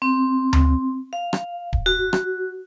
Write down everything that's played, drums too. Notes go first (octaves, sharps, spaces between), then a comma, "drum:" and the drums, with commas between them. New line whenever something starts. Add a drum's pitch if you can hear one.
C4
drum: tom D2
F5
drum: rim click
drum: kick D1
F#4
drum: rim click